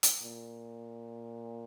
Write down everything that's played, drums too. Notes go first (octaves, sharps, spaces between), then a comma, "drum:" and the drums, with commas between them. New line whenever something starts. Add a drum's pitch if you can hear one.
drum: hi-hat
A#2